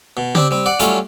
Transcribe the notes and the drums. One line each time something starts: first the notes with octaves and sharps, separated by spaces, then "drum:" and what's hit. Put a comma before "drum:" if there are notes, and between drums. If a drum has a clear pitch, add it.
B2
C4 D4 G4, drum: tom C#3
G3 C4
D5 F#5
F#3 G3 A3 C#4 F4, drum: hi-hat